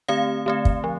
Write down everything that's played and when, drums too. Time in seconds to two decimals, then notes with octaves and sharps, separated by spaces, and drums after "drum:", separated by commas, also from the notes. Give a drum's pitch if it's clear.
0.08 D3 A3 C4 F5
0.46 D3 A3 C4
0.65 drum: kick
0.84 F3